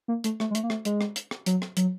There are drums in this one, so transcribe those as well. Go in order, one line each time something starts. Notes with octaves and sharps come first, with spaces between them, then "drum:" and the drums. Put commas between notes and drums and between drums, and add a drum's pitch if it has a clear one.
A#3
A3, drum: hi-hat
A3, drum: rim click
G#3
A3, drum: hi-hat
A#3
A3, drum: rim click
G#3, drum: hi-hat
drum: rim click
drum: hi-hat
drum: rim click
F#3, drum: hi-hat
drum: rim click
F#3, drum: hi-hat